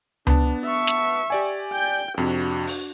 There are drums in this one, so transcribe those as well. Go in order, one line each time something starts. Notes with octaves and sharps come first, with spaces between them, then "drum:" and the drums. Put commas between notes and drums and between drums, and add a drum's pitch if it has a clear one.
B3 D4 A5, drum: tom C#2
E5 C#6
drum: snare
G4 D5 G#5
G5 G6
F2 C3 D4 F#4
drum: open hi-hat